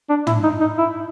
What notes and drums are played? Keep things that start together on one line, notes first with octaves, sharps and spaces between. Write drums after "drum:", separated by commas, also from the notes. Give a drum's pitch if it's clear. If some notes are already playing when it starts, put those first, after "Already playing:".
D4
E4, drum: tom
D#4
D#4
E4